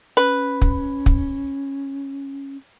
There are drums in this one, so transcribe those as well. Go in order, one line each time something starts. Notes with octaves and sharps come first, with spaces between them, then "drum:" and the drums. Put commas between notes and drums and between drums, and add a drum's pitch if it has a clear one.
C#4 B4
drum: kick
drum: kick